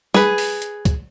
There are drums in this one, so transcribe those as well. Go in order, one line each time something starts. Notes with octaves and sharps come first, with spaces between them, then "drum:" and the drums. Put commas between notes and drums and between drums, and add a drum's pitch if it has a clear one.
G#4 B4, drum: snare
drum: open hi-hat
drum: hi-hat
drum: kick, hi-hat